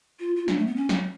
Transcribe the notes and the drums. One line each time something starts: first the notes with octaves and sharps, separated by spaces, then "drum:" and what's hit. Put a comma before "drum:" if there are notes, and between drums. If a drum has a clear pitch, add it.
F4
F4
D4, drum: snare
A3
B3
C#4
drum: snare